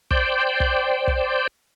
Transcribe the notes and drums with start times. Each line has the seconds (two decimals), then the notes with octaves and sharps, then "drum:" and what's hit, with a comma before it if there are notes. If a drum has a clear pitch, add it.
0.11 C5 D5 G5, drum: kick
0.60 drum: kick
1.08 drum: kick